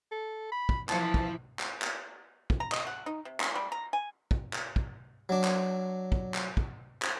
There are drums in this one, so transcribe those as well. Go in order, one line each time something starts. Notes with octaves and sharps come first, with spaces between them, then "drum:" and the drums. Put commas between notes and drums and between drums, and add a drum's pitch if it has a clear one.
A4
B5
drum: kick
E3 F3 E4 A5, drum: clap
drum: kick
drum: clap
drum: clap
drum: kick
A#5
D#5, drum: clap
F#5
D#4
C3
C#4, drum: clap
G3
A#5
G#5
drum: kick
drum: clap
drum: kick
F#3 D4
drum: clap
drum: kick
drum: clap
drum: kick
drum: clap